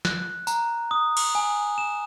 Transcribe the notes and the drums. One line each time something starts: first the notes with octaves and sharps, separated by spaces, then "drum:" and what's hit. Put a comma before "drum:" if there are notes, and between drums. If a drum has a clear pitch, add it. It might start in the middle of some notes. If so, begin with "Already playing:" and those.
F#6, drum: snare
A#5, drum: tambourine
D#6
drum: cymbal
G#5
E7